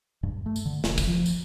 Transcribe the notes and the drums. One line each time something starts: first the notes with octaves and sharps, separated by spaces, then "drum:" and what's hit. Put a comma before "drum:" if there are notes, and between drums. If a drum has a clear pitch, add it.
G2
A3
drum: tambourine
D3
E1, drum: snare
drum: kick, tambourine
F3
drum: tambourine